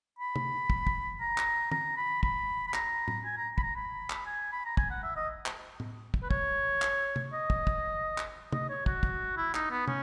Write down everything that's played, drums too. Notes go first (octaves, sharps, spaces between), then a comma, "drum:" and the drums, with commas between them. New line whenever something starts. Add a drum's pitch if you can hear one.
B5
drum: tom
drum: kick
drum: kick
A#5
drum: clap
A#5, drum: tom
B5
B5, drum: kick
B5
A#5, drum: clap
drum: tom
G#5
A#5
B5, drum: kick
A#5
B5
drum: clap
G#5
B5
A#5
G#5, drum: kick
F#5
E5
D#5
drum: clap
drum: tom
drum: kick
B4
C#5, drum: kick
drum: clap
drum: tom
D#5
drum: kick
drum: kick
drum: clap
D#5, drum: tom
C#5
F#4, drum: kick
drum: kick
E4
D#4, drum: clap
B3
C#4, drum: tom